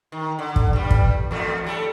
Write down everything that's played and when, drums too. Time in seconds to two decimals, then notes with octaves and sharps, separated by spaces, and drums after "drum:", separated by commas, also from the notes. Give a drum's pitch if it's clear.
0.12 D#3
0.39 D3
0.56 drum: kick
0.73 G2 G3
0.91 drum: kick
1.31 E2 A3
1.64 A2 G3 A4